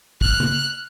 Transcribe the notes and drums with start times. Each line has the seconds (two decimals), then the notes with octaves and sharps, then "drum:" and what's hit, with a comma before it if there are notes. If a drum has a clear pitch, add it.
0.21 F6 F#6, drum: kick
0.40 drum: tom